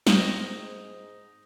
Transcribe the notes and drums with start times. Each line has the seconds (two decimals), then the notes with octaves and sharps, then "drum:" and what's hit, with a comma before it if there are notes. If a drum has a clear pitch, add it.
0.07 G#2 C4 D#4 D#5, drum: snare